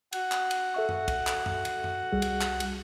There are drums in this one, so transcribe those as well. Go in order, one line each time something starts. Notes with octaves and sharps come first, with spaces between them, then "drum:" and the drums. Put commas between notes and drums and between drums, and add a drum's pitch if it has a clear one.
F#4 F#5, drum: cymbal
drum: clap
drum: cymbal
A4 E5 C#6
drum: tom F#2
drum: kick, cymbal
drum: clap
drum: tom F#2
drum: cymbal
drum: tom F#2
C2 G3 G#4
drum: cymbal
drum: clap
drum: cymbal